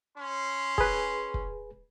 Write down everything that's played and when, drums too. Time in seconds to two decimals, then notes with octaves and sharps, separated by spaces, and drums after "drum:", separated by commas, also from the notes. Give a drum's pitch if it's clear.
0.17 C#4 C6
0.78 G#4 B4, drum: kick
1.34 drum: kick